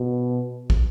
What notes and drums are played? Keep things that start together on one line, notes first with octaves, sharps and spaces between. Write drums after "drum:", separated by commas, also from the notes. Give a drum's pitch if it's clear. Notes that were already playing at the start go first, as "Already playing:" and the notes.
Already playing: B2
drum: kick